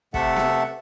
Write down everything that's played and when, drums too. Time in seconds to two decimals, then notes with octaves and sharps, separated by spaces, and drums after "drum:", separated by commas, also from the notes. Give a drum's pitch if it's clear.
0.14 C3 A3 A4 E5 F#5, drum: kick
0.36 drum: snare B3